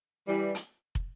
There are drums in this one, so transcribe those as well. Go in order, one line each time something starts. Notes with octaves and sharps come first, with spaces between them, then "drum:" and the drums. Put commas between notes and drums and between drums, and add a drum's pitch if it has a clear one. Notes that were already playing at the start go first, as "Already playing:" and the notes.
E3 G3
drum: hi-hat
drum: kick